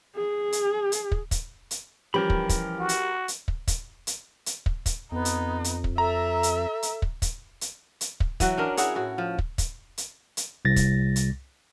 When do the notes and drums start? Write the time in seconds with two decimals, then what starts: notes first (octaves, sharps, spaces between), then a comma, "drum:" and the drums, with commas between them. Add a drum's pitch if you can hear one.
0.16 G#4
0.52 drum: hi-hat
0.92 drum: hi-hat
1.12 drum: kick
1.31 drum: kick, hi-hat
1.71 drum: hi-hat
2.14 E3 F3 G3 C#4 A#4 G5 B5
2.30 drum: kick
2.49 drum: kick, hi-hat
2.79 F#4
2.89 drum: hi-hat
3.28 drum: hi-hat
3.48 drum: kick
3.68 drum: kick, hi-hat
4.07 drum: hi-hat
4.46 drum: hi-hat
4.66 drum: kick
4.86 drum: kick, hi-hat
5.12 F2 B3 D#4
5.25 drum: hi-hat
5.64 drum: hi-hat
5.84 drum: kick
5.98 A4 E5 A#5
6.43 drum: hi-hat
6.83 drum: hi-hat
7.02 drum: kick
7.22 drum: kick, hi-hat
7.61 drum: hi-hat
8.01 drum: hi-hat
8.20 drum: kick
8.40 E3 F#3 F#4, drum: kick, hi-hat
8.57 C#4 D4 A#4
8.77 E4 F#4 G#4 C#5, drum: hi-hat
8.95 A2 F#4
9.18 F3
9.38 drum: kick
9.58 drum: kick, hi-hat
9.98 drum: hi-hat
10.37 drum: hi-hat
10.65 C2 A6 A#6
10.76 drum: kick, hi-hat
11.16 drum: hi-hat